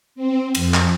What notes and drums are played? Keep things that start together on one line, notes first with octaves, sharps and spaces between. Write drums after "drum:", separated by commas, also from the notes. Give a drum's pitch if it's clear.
C4
F2, drum: cymbal
drum: clap